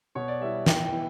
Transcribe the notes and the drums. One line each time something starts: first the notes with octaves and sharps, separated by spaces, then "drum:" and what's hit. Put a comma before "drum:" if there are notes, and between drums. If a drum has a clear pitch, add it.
B2 C#5
D5
G3 B3 E4 E5
E3 G5, drum: snare
G5
B3 E4